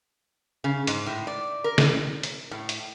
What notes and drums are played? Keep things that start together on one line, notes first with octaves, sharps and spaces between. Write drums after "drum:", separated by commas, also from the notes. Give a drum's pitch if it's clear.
C#3
G#2, drum: hi-hat
A2
D5
A#4
drum: snare
drum: hi-hat
A2
drum: hi-hat